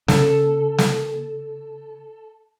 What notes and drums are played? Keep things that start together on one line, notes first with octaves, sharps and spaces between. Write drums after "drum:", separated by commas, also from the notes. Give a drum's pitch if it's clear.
C#3 A4, drum: snare
drum: snare